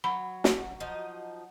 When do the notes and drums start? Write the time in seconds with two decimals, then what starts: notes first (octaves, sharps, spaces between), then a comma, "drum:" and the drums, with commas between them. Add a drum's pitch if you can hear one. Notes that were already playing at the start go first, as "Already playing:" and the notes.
0.04 F#3 B5
0.44 drum: snare
0.80 F3 D#4 D#5